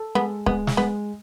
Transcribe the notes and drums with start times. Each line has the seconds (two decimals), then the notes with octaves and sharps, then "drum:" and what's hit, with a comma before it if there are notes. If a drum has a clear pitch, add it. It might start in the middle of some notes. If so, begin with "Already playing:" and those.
Already playing: A4
0.15 G#3 B3
0.46 G#3 B3, drum: kick C#1
0.67 drum: snare
0.77 G#3 B3